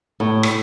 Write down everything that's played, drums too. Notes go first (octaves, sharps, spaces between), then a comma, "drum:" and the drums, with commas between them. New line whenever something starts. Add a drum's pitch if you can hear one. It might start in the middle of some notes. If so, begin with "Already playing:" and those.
A2
drum: rim click